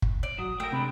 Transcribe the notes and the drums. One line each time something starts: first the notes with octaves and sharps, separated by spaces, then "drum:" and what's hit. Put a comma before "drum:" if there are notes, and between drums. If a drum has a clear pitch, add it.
drum: kick
D5
F#3 D#6
A3 A#4 G5
C3 G#3 D4 B5